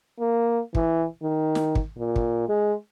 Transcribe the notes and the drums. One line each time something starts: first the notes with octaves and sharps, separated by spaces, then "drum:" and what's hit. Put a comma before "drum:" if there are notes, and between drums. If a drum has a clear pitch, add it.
A#3
E3, drum: kick
D#3
drum: snare
drum: kick
A#2
drum: kick
G#3